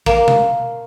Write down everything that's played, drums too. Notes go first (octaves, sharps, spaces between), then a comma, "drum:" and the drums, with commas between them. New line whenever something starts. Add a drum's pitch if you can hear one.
A#3, drum: kick
drum: tom B2